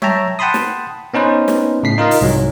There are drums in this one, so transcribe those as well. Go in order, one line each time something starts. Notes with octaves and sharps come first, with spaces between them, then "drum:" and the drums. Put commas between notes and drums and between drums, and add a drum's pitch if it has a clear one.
C#5 E5 G5 A5 A#5, drum: tom F#3
F#5 G5 A5 B5 C6 D#6
drum: snare
B3 C#4 D#4 B4 C5
drum: snare
A2 C#3 B6 C7
D#4 F4 A#4 D#5 F5
drum: open hi-hat
C2 G#2 F#3